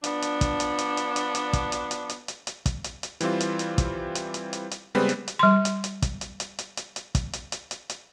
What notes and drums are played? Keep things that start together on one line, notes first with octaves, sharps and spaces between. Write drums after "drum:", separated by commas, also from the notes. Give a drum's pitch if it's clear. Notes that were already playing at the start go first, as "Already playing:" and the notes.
F3 B3 D4, drum: hi-hat
drum: hi-hat
drum: kick, hi-hat
drum: hi-hat
drum: hi-hat
drum: hi-hat
drum: hi-hat
drum: hi-hat
drum: kick, hi-hat
drum: hi-hat
drum: hi-hat
drum: hi-hat
drum: hi-hat
drum: hi-hat
drum: kick, hi-hat
drum: hi-hat
drum: hi-hat
E3 G3 C4 F4, drum: hi-hat
drum: hi-hat
drum: hi-hat
drum: kick, hi-hat
drum: hi-hat
drum: hi-hat
drum: hi-hat
drum: hi-hat
C#3 G3 G#3 B3 C4 B4
drum: hi-hat
drum: hi-hat
G3 C6
drum: hi-hat
drum: hi-hat
drum: kick, hi-hat
drum: hi-hat
drum: hi-hat
drum: hi-hat
drum: hi-hat
drum: hi-hat
drum: kick, hi-hat
drum: hi-hat
drum: hi-hat
drum: hi-hat
drum: hi-hat